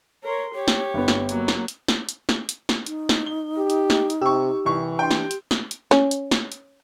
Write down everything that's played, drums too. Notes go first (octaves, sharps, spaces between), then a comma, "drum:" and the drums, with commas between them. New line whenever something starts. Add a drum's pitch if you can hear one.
A#4 C#5 C6
G4 C#5
drum: snare
G1 B3
drum: snare
F#3 A#3, drum: hi-hat
drum: snare
drum: hi-hat
drum: snare
drum: hi-hat
drum: snare
drum: hi-hat
drum: snare
D#4, drum: hi-hat
drum: snare
G7
G4
drum: hi-hat
drum: snare
drum: hi-hat
C3 G4 C#6 E6
C2 E3 C#6
D4 G5 C6
drum: snare
drum: hi-hat
drum: snare
drum: hi-hat
C#4, drum: snare
drum: hi-hat
drum: snare
drum: hi-hat